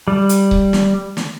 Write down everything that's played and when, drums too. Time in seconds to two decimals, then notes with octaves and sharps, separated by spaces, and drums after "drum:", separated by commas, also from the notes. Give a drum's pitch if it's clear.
0.08 G3
0.29 drum: hi-hat
0.51 drum: kick C#1
0.73 drum: snare
1.17 drum: snare